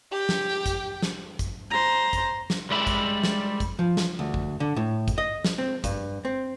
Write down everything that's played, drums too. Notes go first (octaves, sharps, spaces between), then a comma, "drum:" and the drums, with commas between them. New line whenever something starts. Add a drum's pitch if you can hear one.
G4 G5
drum: snare
drum: kick, hi-hat
drum: snare
drum: kick, hi-hat
C5 A#5
drum: kick, hi-hat
drum: snare
G3 G#3 D5 E5 B5
drum: kick, hi-hat
drum: snare
drum: kick, hi-hat
F3
drum: snare
D2
drum: kick
D3
A2
drum: kick, hi-hat
D#5
drum: snare
C4
G2, drum: kick, hi-hat
C4